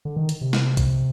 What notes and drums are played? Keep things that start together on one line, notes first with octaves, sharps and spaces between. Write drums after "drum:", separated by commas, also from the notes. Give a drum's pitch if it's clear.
D3
D#3
drum: hi-hat
C3
drum: snare
drum: kick B1, hi-hat